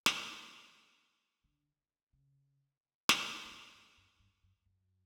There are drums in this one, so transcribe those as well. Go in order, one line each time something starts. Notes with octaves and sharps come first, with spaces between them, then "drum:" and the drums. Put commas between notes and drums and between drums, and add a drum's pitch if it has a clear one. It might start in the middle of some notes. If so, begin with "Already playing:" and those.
E3, drum: snare
D3
C#3
drum: snare
B2
A2
G2
F#2
G2
F#2
F#2